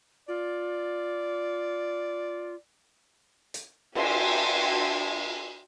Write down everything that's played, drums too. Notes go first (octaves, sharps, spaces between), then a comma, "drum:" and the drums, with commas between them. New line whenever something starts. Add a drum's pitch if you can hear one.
F4 D5
drum: hi-hat
D4 F#4 E5 G5 G#5 C6, drum: cymbal